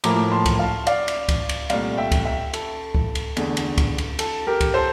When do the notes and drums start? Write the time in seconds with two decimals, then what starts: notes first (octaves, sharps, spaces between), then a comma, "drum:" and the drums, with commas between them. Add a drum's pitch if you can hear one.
0.04 A2 F3 A#3 E4 A#5 D6, drum: cymbal
0.32 A5 C6
0.46 drum: kick C#2, cymbal
0.59 F5 A5
0.87 D5 F5, drum: cymbal
1.08 drum: cymbal
1.29 drum: kick C#2, cymbal
1.49 drum: cymbal
1.70 C2 A#2 A3 D5 F5, drum: cymbal
1.97 E5 G5
2.12 drum: kick C#2, cymbal
2.25 E5 G5
2.53 A4, drum: cymbal
2.95 drum: kick C#2
3.15 drum: cymbal
3.37 E2 D3 A3, drum: cymbal
3.57 drum: cymbal
3.78 drum: kick C#2, cymbal
3.98 drum: cymbal
4.19 A4, drum: cymbal
4.47 G4 A#4
4.61 drum: kick C#2, cymbal
4.74 A4 C5